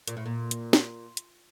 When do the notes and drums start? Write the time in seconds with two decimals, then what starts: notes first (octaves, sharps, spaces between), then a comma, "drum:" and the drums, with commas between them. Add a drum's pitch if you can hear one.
0.07 A#2, drum: hi-hat
0.17 A2
0.26 A#2
0.51 drum: hi-hat
0.73 drum: snare
1.17 drum: hi-hat